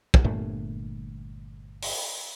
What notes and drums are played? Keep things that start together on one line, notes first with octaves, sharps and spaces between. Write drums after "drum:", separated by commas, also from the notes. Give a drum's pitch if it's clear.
drum: kick
G1 G2 A#2 A3
drum: open hi-hat